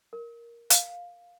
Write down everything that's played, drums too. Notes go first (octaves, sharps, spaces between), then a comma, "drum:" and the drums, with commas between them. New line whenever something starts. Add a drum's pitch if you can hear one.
A#4
F5, drum: hi-hat